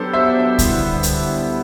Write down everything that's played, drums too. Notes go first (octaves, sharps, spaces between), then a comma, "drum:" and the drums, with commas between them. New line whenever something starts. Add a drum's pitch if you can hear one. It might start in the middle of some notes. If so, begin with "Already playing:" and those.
Already playing: F#3 B3 D4 G4 A4 C5
C5 E5
D3 G3 B3 E4, drum: kick C#2, hi-hat
drum: hi-hat